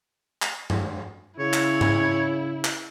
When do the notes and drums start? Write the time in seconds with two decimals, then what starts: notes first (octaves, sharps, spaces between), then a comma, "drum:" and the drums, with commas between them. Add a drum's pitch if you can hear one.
0.42 drum: clap
0.70 drum: tom G2
1.39 C#3 E4 C#5
1.53 drum: clap
1.81 drum: tom G#2
2.64 drum: clap